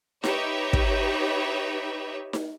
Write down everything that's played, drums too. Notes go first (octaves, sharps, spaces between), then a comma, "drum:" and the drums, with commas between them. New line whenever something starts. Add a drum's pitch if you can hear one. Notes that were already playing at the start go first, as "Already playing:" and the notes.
D#4 G4 B4 C#5 E5, drum: snare D#4
drum: kick
drum: snare D#4